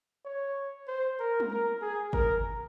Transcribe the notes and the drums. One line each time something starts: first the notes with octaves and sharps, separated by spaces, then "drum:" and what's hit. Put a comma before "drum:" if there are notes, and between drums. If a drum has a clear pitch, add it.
C#5
C5
A#4
drum: tom
A#4
G#4
A#4, drum: kick G1